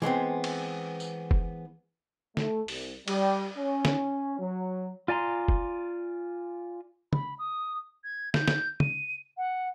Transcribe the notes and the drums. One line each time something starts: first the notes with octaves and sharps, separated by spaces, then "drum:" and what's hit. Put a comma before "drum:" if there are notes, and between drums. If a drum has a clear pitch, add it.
E3 G#3 B3 C4
drum: cymbal
drum: tambourine
drum: kick F#1
A3, drum: snare
C2, drum: open hi-hat
G3, drum: cymbal
C#4
drum: snare
F#3
F4 D5 G#5 A#5 C6
drum: kick F#1
B5, drum: tom
D#6
G#6
G6, drum: snare
drum: snare
D#7, drum: tom
F#5